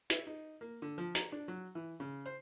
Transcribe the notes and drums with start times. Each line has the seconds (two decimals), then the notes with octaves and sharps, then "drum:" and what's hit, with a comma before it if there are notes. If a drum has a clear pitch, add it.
0.10 E4, drum: hi-hat
0.27 D#4
0.61 A#3
0.82 D3
0.98 F3
1.15 A#5, drum: hi-hat
1.32 D4
1.48 F#3
1.75 E3
2.00 C#3
2.26 C5